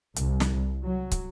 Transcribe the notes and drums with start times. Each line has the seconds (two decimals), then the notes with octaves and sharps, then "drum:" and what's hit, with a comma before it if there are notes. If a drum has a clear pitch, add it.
0.16 C2, drum: hi-hat
0.40 drum: snare
0.84 F#3
1.11 drum: kick, hi-hat